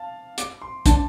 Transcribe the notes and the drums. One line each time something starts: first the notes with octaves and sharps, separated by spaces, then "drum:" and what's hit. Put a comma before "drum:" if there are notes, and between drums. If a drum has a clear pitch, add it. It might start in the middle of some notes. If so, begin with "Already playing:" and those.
Already playing: F5 A5
D6, drum: hi-hat
C6
D4 A5, drum: kick, hi-hat